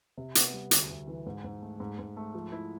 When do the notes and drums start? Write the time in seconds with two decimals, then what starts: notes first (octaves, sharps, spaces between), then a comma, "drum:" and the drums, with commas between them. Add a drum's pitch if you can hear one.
0.18 C3
0.35 B3, drum: hi-hat
0.53 G3
0.71 D2, drum: hi-hat
0.89 D2
1.08 E3
1.26 G#2
1.44 G#2
1.62 A3
1.80 G#2
1.99 G#2
2.17 A3
2.35 F3
2.52 E4